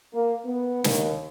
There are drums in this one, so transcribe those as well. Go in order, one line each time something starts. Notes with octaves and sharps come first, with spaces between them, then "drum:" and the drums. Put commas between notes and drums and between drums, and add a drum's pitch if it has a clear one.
A#3
B3
D#2, drum: snare